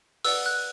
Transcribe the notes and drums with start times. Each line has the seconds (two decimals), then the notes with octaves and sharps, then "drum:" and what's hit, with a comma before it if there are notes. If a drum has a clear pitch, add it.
0.25 B4 D5 F#5 E6, drum: open hi-hat
0.46 F#6